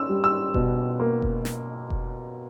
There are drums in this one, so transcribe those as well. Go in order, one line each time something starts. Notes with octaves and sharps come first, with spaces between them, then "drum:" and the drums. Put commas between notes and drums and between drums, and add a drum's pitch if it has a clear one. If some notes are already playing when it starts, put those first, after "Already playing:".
Already playing: C#4 E6
G3
E6
B2, drum: kick F1
A#3
drum: kick F1
drum: snare
drum: kick F1